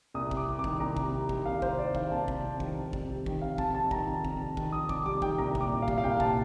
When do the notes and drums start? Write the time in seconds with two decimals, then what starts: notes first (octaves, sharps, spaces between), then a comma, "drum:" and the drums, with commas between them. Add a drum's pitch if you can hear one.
0.14 C2 D#6
0.31 C3, drum: kick
0.37 D6
0.48 G3
0.59 D6
0.64 D#3, drum: kick
0.80 C2 A#5
0.97 C3, drum: kick
1.13 G3
1.29 D#3, drum: kick
1.45 C2 F5
1.62 C3 C5, drum: kick
1.78 G3 D5
1.95 D#3 F5, drum: kick
2.12 C2 A5
2.28 C3, drum: kick
2.44 G3
2.60 D#3, drum: kick
2.76 F2
2.93 C3, drum: kick
3.09 G3
3.26 D#3, drum: kick
3.42 F2 F5
3.58 C3 A5, drum: kick
3.75 G3 A5
3.91 D#3 A#5, drum: kick
4.07 F2
4.25 C3, drum: kick
4.40 G3
4.57 D#3, drum: kick
4.72 F2 D#6
4.89 C3 D6, drum: kick
5.06 G3 D6
5.22 D#3 G5, drum: kick
5.38 C2 A#5
5.55 A#2, drum: kick
5.61 D6
5.71 C2
5.82 F5
5.88 G3, drum: kick
5.98 F5
6.04 C2 G5
6.20 A#2 A5, drum: kick